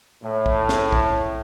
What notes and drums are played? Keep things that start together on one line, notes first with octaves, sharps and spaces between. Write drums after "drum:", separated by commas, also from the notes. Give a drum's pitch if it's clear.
A2
drum: kick
drum: snare
drum: kick